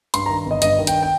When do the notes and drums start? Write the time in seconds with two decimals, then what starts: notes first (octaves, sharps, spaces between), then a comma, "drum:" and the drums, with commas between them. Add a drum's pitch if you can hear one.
0.14 G2 C6, drum: hi-hat
0.26 D#3 A#5
0.46 G1 D#5
0.62 G2 D#5, drum: hi-hat
0.79 D#3
0.87 G5, drum: hi-hat
1.02 G5